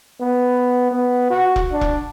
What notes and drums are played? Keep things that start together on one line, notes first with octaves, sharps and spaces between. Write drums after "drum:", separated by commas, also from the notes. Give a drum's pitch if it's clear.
B3
B3
F#4
drum: kick E1
D4
drum: kick E1